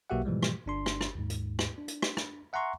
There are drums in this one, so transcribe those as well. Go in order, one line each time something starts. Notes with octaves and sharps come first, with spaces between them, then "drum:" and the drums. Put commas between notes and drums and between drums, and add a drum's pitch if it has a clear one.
B1 A#3 F#4 G4 E5 F#5
G#2 B2 E3 F3 G3 G#3
drum: rim click
G1 D4 C6
drum: rim click
drum: rim click
D#2 G#2
drum: hi-hat
drum: rim click
D4
drum: hi-hat
drum: rim click
drum: rim click
E5 F#5 G#5 A#5 C6 C#6